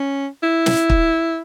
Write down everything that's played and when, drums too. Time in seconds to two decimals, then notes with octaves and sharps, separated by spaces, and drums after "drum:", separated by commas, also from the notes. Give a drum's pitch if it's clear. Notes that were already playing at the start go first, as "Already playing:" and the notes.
Already playing: C#4
0.43 E4
0.66 drum: snare
0.90 drum: kick